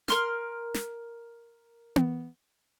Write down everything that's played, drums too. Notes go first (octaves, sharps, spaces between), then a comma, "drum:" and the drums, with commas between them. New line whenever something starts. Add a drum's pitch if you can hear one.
A#4 C6 F6, drum: snare
drum: snare
drum: tom B3